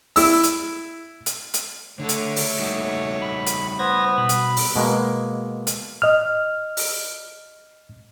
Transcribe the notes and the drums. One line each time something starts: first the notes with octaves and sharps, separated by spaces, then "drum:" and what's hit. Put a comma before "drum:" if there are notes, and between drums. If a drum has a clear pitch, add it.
E4 E6, drum: open hi-hat
drum: hi-hat
drum: hi-hat
drum: hi-hat
D3 A3 A4 C#5
drum: hi-hat
drum: open hi-hat
G3 D#4 F#4
B5
drum: hi-hat
B3 C5 G#6 A#6
B2 B5
drum: hi-hat
drum: open hi-hat
B2 G#3 A#3
drum: hi-hat
D#5 F6
drum: open hi-hat